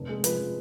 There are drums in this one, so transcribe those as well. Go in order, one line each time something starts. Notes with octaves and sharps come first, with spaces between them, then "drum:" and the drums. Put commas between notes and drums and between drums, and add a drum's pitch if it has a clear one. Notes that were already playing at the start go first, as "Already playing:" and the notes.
Already playing: F1
G#3
F3 B4, drum: hi-hat
F3